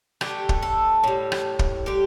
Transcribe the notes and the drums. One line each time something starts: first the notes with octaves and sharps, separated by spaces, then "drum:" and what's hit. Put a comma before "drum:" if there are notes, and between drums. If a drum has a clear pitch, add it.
D3 A3 G4, drum: rim click
drum: kick
A4
A2 G3
drum: rim click
drum: kick
D3 G3 G4